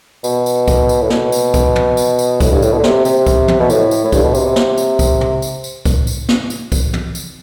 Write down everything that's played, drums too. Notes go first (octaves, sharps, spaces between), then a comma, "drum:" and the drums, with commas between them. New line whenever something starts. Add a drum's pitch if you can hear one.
B2, drum: tambourine
drum: tambourine
drum: kick C2, tambourine
drum: tambourine
A2
B2, drum: snare
drum: tambourine
drum: kick C2, tambourine
drum: tom
drum: tambourine
drum: tambourine
A2, drum: kick C2, tambourine
G2
A2, drum: tambourine
B2
D3
C3, drum: snare
C3, drum: tambourine
drum: kick C2, tambourine
drum: tom
B2
A2, drum: tambourine
drum: tambourine
A2
G2, drum: kick C2, tambourine
B2
C3, drum: tambourine
C3
drum: snare
drum: tambourine
drum: kick C2, tambourine
drum: tom
drum: tambourine
drum: tambourine
drum: kick C2, tambourine
drum: tambourine
drum: snare
drum: tambourine
drum: kick C2, tambourine
drum: tom
drum: tambourine